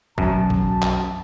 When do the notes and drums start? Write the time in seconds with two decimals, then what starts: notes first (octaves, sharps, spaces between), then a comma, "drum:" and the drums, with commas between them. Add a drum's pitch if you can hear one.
0.18 B1 F#2 F#3 A5, drum: kick
0.50 drum: kick
0.83 drum: clap